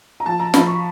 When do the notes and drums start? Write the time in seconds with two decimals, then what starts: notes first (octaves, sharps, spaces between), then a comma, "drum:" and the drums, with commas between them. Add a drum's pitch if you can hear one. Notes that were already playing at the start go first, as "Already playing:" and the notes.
0.20 A#5
0.26 F3 A5
0.40 A#5
0.54 F3 B5, drum: snare
0.67 C#6